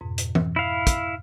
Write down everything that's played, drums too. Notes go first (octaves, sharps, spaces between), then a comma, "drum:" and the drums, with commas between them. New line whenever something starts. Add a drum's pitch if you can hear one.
F2 G#2 B2
drum: hi-hat
drum: tom E3
E4 F5
drum: kick, hi-hat